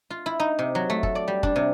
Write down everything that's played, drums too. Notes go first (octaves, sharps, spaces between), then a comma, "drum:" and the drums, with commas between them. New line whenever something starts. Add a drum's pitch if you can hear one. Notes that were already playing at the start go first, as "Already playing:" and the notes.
F4
E4
D#4
C3
F#3
A3
A4, drum: kick
D5
G3
D4, drum: kick
C3